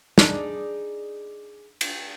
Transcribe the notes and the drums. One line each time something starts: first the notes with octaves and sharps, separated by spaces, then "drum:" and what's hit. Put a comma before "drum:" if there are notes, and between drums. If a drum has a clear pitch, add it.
D4 D#4 G#4 D5, drum: snare
drum: cymbal